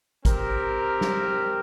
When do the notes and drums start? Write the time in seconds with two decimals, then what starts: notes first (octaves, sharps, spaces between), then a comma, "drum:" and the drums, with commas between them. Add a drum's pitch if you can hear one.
0.25 C4 G4 A#4, drum: kick, hi-hat
1.01 drum: snare